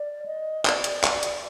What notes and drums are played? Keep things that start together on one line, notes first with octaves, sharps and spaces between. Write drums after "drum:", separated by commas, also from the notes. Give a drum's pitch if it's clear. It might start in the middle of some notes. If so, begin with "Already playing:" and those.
Already playing: D5
D#5
D5, drum: clap
drum: hi-hat
drum: clap
drum: hi-hat